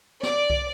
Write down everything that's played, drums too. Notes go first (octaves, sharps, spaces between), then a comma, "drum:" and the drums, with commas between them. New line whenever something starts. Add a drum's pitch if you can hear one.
D5, drum: snare
drum: kick C2